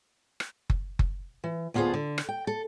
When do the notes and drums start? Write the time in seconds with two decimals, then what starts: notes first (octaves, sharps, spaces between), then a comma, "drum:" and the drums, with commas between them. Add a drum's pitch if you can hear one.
0.40 drum: rim click
0.70 drum: kick F#1
0.99 drum: kick F#1
1.44 E3
1.74 D2 B3 F4 G#4 C5 A5
1.94 D3
2.18 drum: rim click
2.29 G5
2.47 A4